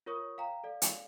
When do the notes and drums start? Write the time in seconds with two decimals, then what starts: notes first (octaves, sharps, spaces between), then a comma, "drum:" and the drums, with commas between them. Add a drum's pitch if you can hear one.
0.06 F4 A#4 C#5 C#6 D#6
0.38 F5 G5 A#5
0.64 A4 D5 F5
0.82 drum: hi-hat